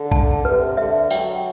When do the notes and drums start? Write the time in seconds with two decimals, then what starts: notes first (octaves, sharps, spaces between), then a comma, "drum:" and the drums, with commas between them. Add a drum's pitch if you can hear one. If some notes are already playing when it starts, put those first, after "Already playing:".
Already playing: D3
0.11 A5, drum: kick A#1
0.45 C3 B4
0.77 D3 E5
1.10 F#3 G5, drum: tambourine